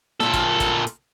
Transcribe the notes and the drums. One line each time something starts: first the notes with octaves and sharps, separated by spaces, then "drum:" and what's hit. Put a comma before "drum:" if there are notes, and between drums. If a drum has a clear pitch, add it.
A#2 A4, drum: snare
drum: kick, hi-hat
drum: kick, hi-hat
drum: hi-hat